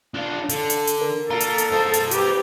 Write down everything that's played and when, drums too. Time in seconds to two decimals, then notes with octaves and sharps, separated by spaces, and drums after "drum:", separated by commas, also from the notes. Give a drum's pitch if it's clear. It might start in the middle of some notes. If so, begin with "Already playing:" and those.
0.14 D4 F4
0.49 D3, drum: hi-hat
0.70 drum: hi-hat
0.87 drum: hi-hat
1.01 A#4
1.30 F4 A4 A#4 A#5
1.40 drum: hi-hat
1.58 drum: hi-hat
1.72 C5 D#5
1.94 drum: hi-hat
2.11 G4 B4, drum: hi-hat